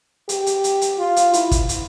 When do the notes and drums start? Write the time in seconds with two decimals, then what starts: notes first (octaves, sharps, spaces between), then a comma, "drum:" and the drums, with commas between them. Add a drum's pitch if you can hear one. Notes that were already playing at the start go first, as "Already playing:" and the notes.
0.29 G4, drum: hi-hat
0.46 drum: hi-hat
0.64 drum: hi-hat
0.81 drum: hi-hat
0.99 F4
1.16 drum: hi-hat
1.34 E4, drum: hi-hat
1.51 drum: kick, hi-hat
1.69 drum: hi-hat